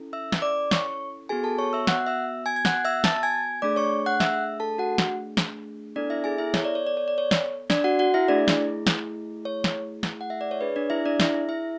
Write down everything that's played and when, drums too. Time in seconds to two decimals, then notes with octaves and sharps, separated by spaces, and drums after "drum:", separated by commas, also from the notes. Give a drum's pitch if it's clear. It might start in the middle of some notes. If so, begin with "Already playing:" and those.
Already playing: C#4 E4 A4
0.13 E5 E6
0.32 drum: snare
0.42 D5 D6
0.71 C#5 C#6, drum: snare
1.29 B3 F#4 G#4 A4 G#5
1.43 A4 A5
1.58 C#5 C#6
1.73 E5 E6
1.87 F#5 F#6, drum: snare
2.06 E5 E6
2.46 G#5 G#6
2.56 G#6
2.65 F#5 F#6, drum: snare
2.85 E5 E6
3.04 A5 A6, drum: snare
3.23 G#5 G#6
3.62 A3 D4 G#4 D5 D6
3.76 C#5 C#6
4.06 F#5 F#6
4.20 E5 E6, drum: snare
4.60 A4 A5
4.78 F#4 F#5
4.98 drum: snare
5.37 drum: snare
5.95 B3 D4 E4 A4 D5
6.10 E4 E5
6.24 G#4 G#5
6.38 E4 E5
6.54 C#5, drum: snare
6.64 D5
6.75 C#5
6.87 D5
6.97 C#5
7.08 D5
7.18 C#5
7.31 drum: snare
7.70 D4 D5, drum: snare
7.84 F#4 F#5
7.99 F#4 F#5
8.14 E4 E5
8.28 A3 D4 E4 G#4 D5
8.48 drum: snare
8.87 drum: snare
9.45 C#5
9.64 drum: snare
10.03 drum: snare
10.21 F#5
10.30 E5
10.41 D5
10.51 C#5
10.61 D4 G#4 B4
10.76 D4 D5
10.90 E4 E5
11.06 D4 D5
11.20 E4 E5, drum: snare
11.49 E4 E5